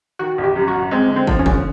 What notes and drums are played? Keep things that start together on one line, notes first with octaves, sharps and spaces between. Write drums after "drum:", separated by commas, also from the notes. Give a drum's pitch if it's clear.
D#3 F#4
G1
G4
F#2
F#4
G1
G#3 C4
D3
C4
F3, drum: kick
C#4
D3, drum: kick